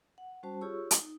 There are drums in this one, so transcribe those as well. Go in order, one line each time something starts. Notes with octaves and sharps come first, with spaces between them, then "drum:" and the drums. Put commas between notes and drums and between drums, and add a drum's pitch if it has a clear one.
F#5
G3 C#4 F#4 C5 A5
F4 G4 G#4 C#5 C#6 E6
drum: hi-hat
D#4